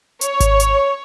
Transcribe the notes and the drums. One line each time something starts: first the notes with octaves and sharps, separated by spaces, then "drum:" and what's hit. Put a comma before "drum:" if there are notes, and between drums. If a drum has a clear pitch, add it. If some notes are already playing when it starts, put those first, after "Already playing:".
C#5, drum: hi-hat
drum: kick G#1, hi-hat
drum: hi-hat